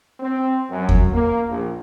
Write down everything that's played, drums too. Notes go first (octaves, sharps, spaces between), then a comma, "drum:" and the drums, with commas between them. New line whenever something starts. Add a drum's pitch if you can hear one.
C4
F#2
drum: kick E2
A#3
A#1